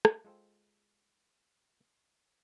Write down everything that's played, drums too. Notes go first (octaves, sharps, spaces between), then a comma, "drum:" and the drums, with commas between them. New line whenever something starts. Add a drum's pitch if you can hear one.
drum: rim click
G#3 F4 A4 C5 G5